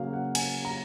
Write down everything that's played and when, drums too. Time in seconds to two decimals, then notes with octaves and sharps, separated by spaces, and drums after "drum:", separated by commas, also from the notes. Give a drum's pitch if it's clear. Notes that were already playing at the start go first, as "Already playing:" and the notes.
Already playing: C#3 F#3 A#3 F5
0.13 F#5
0.35 G#5, drum: cymbal
0.65 A#5